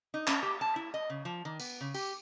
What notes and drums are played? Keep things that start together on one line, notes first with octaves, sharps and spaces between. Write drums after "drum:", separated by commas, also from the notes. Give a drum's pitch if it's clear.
D#4
C#4, drum: clap
G4
A5
E4
D#5
C#3
F3
D#3
B3, drum: tambourine
C#3
G4, drum: tambourine